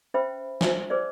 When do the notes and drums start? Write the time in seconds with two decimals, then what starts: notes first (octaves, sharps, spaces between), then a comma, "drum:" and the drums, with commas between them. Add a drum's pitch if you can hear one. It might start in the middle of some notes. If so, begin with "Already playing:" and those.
0.14 C#4 B4 C5 E5 G5 B5
0.61 C5 E5 G#5, drum: snare
0.90 G#4 B4 C5 D5